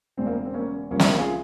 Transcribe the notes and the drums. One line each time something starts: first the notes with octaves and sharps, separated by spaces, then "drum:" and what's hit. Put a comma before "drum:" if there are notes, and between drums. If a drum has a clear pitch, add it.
E1 E2 C#3 C4
A#3
C4
A#3 C#4
C2 C3 F3 A#3 C#4
C4, drum: snare
A#3 C#4
F4 G#4